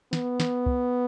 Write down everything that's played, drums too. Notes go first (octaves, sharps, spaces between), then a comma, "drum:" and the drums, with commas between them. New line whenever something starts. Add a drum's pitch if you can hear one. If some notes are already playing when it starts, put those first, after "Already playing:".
B3, drum: snare
drum: snare
drum: kick